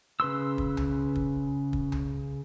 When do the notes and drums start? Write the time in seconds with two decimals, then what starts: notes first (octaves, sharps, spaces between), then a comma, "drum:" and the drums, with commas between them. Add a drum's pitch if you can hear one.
0.20 C#3 B4 C6 E6
0.58 drum: kick
0.77 drum: tom C2
1.15 drum: kick
1.73 drum: kick
1.92 drum: tom C2